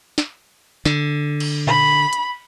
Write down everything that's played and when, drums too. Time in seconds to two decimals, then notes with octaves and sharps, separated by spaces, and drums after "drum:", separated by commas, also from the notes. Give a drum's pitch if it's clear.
0.18 drum: snare
0.85 D3, drum: snare
1.40 drum: cymbal
1.67 B5, drum: tom A#2
2.13 drum: hi-hat